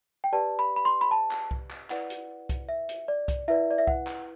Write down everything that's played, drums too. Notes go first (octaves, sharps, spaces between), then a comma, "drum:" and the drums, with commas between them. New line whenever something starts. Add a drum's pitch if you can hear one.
G5
G4 B4 D5 A5
B5
B5
C6
B5
A5
drum: clap
drum: kick C2
drum: clap
E4 B4 D5 F#5, drum: clap
drum: hi-hat
drum: kick C2, hi-hat
E5
drum: hi-hat
D5
drum: kick C2, hi-hat
E4 B4 D5 E5
D5
E5
F#5, drum: kick C2
drum: clap